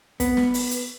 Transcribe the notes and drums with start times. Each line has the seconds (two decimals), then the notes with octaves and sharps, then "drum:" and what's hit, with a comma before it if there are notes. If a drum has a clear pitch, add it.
0.20 B3, drum: kick, hi-hat
0.37 drum: snare
0.54 drum: open hi-hat
0.71 drum: hi-hat